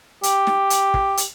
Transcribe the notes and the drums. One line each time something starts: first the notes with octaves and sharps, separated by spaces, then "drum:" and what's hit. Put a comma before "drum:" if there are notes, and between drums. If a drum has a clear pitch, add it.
G4, drum: hi-hat
drum: snare
drum: hi-hat
drum: kick
drum: hi-hat